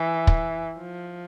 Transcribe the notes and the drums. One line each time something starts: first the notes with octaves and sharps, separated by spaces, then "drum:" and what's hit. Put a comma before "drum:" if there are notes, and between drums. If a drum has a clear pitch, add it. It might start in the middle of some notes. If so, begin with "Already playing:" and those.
Already playing: E3
drum: kick
F3